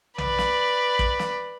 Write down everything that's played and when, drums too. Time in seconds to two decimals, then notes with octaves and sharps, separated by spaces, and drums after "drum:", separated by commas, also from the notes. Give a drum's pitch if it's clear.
0.18 B4 D5, drum: tom B1
0.38 drum: snare
0.99 drum: kick
1.19 drum: snare